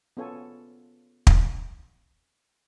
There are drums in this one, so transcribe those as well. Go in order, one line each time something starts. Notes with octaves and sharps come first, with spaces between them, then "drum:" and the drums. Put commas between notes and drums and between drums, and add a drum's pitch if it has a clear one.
B3 C#4 F4 A4 C#5 G#5
drum: kick